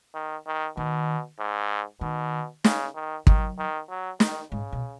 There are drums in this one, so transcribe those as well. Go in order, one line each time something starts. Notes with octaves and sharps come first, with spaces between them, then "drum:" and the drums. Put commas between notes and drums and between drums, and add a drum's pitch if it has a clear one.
D#3
D#3
B2 D#3
G#2
B2 D#3
C#3, drum: snare
D#3
D#3 F#3, drum: kick
D#3
F#3
D#3, drum: snare
G#2 C#3
B2